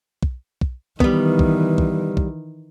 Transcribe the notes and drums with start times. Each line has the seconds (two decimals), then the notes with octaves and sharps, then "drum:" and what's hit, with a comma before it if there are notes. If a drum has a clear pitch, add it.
0.23 drum: kick
0.61 drum: kick
1.00 D#3 E3 G3 B3, drum: kick
1.39 drum: kick
1.78 drum: kick
2.17 drum: kick